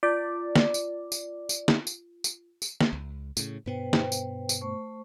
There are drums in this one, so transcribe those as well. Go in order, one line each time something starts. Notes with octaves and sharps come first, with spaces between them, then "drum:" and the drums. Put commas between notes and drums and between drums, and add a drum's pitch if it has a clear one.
F4 D5
drum: snare
drum: tambourine
drum: tambourine
drum: tambourine
drum: snare
drum: tambourine
drum: tambourine
drum: tambourine
drum: snare
C#2
A2 C#3, drum: tambourine
G2 B2 B3 B4 C5 G5
drum: snare
drum: tambourine
drum: tambourine
A3 C5 C#6